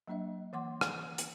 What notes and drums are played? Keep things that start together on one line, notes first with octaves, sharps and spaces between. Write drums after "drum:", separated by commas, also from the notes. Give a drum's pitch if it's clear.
F#3 A#3 D4 D#5 E5
E3 A#3 F#5 C6 D6
drum: rim click
drum: hi-hat